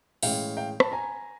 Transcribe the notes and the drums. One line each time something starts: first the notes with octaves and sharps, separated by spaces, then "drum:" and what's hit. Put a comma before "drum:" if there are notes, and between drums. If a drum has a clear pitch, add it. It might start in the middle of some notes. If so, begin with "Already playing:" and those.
A2 E3 G#3 C#4 F5 G5, drum: open hi-hat
F5 G5
A5 B5, drum: rim click
G#5 A#5